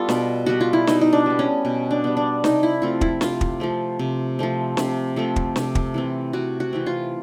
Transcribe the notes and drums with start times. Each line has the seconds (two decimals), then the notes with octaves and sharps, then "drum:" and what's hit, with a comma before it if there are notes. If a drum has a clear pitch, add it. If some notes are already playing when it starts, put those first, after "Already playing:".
Already playing: G3 B3 F4 A4
0.09 B2, drum: snare
0.46 G3 B3 F#4
0.61 F4
0.73 E4
0.87 B2 D#4, drum: snare
1.01 D#4
1.13 D4
1.26 G3 B3
1.39 C#4
1.65 B2
1.91 D4
2.04 G3 B3
2.17 D4
2.44 C3 D#4, drum: snare
2.63 E4
2.82 F3 A3 C4 F4
3.01 E4, drum: kick
3.21 C3 F4, drum: snare
3.41 drum: kick
3.60 F3 A3 C4
3.99 C3
4.39 F3 A3 C4
4.77 C3, drum: snare
5.16 F3 A3 C4
5.36 drum: kick
5.56 C3, drum: snare
5.75 drum: kick
5.94 E3 A3 C4
6.33 C3 F#4
6.60 F#4
6.73 E3 A3 C4
6.86 F4